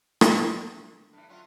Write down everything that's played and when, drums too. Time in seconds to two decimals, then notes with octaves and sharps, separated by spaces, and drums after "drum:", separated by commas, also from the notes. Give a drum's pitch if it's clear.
0.21 D3, drum: rim click
1.13 G2 E3
1.29 F#3 C#4 F4